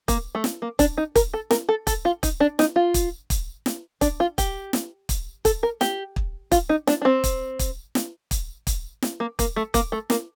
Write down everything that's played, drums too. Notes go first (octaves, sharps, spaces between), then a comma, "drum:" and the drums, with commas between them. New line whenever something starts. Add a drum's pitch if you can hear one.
A#3, drum: kick, hi-hat
A3
drum: snare
A#3
D4, drum: kick, hi-hat
D#4
A#4, drum: kick, hi-hat
A4
A#4, drum: snare
A4
A4, drum: kick, hi-hat
F4
D#4, drum: kick, hi-hat
D4
D#4, drum: snare
F4
drum: kick, hi-hat
drum: kick, hi-hat
drum: snare
D4, drum: kick, hi-hat
F4
G4, drum: kick, hi-hat
drum: snare
drum: kick, hi-hat
A4, drum: kick, hi-hat
A#4
G4, drum: snare
drum: kick
F4, drum: kick, hi-hat
D#4
D4, drum: snare
D4
C4
drum: kick, hi-hat
drum: kick, hi-hat
drum: snare
drum: kick, hi-hat
drum: kick, hi-hat
drum: snare
A#3
A#3, drum: kick, hi-hat
A3
A#3, drum: kick, hi-hat
A3
A#3, drum: snare